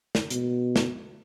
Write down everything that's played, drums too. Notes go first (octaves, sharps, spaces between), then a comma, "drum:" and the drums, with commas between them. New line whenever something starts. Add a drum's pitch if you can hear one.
drum: snare
B2, drum: hi-hat
drum: snare